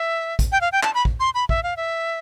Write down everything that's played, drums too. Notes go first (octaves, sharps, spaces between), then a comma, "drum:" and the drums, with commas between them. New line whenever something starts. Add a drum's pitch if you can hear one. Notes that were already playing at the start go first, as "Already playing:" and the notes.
Already playing: E5
drum: kick, hi-hat
G5
F5
G5
A5, drum: clap
B5
drum: kick
C6
B5
E5, drum: kick
F5
E5